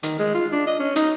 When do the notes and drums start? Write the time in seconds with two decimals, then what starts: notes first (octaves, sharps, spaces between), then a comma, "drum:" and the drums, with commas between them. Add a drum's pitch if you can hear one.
0.03 D#3, drum: hi-hat
0.19 G#3
0.34 F4
0.52 D4
0.67 D#5
0.80 C#4
0.96 D#4, drum: hi-hat